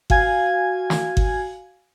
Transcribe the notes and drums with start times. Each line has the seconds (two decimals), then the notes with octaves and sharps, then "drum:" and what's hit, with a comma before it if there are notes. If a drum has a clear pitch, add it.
0.10 F#4 F5 G#5 G#6, drum: kick G1
0.90 drum: snare
1.17 drum: kick G1